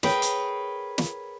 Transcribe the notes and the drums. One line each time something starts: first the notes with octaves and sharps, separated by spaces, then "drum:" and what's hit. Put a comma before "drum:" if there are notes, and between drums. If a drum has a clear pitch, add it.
G#4 A#4 B4 C#5 G5, drum: snare
drum: hi-hat
drum: snare